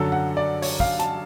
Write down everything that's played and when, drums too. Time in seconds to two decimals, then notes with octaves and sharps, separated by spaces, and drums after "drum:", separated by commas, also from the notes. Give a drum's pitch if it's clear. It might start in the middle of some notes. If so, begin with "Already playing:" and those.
Already playing: F#2 D3 F#3 A4
0.12 F#5
0.37 D5
0.62 C#5, drum: open hi-hat
0.80 F5, drum: kick
0.99 A5, drum: hi-hat